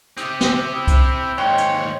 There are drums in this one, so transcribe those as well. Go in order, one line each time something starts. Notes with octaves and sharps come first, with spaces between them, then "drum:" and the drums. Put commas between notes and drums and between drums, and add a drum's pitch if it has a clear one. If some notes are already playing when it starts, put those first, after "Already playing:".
C4 G4 D#6, drum: hi-hat
drum: snare
E4
drum: kick C2, hi-hat
D#2 G#2 C#5 G5 C6
drum: hi-hat